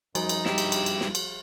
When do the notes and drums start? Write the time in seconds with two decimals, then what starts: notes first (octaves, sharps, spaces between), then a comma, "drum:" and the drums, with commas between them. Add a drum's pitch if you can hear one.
0.15 F#2 F3 G3 D#4 F#4, drum: cymbal
0.29 drum: cymbal
0.45 G2 E4 G4, drum: snare
0.58 drum: cymbal
0.72 drum: cymbal
0.86 drum: cymbal
1.01 drum: snare
1.15 drum: cymbal